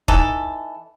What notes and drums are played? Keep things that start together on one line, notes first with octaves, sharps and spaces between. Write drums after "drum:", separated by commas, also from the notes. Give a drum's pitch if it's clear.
E3 D#4 A4, drum: kick